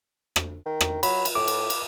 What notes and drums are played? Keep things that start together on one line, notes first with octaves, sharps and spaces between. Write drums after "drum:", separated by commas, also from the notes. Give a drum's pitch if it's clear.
drum: rim click
D#3
drum: rim click
F#3 B5, drum: cymbal
drum: cymbal
A2 D6
drum: cymbal
drum: cymbal